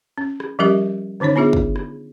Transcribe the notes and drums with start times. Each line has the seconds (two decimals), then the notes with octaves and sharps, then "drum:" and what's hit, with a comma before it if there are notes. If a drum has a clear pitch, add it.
0.18 C#4
0.40 drum: rim click
0.59 F3 G3 C#4 G4 A#4 E5
1.20 D3 D#3 C#4 D#4 C#5
1.36 B3 D4 F4 G#4 E5
1.53 drum: kick
1.76 drum: rim click